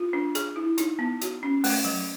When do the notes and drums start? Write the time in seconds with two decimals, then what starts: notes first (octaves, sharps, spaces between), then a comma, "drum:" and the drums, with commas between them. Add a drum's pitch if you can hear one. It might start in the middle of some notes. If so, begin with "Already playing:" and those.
Already playing: F4
0.13 D4
0.35 G#4, drum: hi-hat
0.56 E4
0.78 D#4, drum: hi-hat
0.99 B3
1.21 F#4, drum: hi-hat
1.43 C#4
1.64 A3, drum: open hi-hat
1.85 F#3